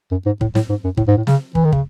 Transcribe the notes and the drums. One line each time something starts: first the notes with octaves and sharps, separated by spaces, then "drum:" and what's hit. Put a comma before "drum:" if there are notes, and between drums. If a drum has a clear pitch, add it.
F#2
G#2
A2, drum: kick
A2, drum: snare
G#2
F#2
A2, drum: kick
G#2
A2
C#3, drum: snare
E3, drum: kick
D#3
C#3, drum: kick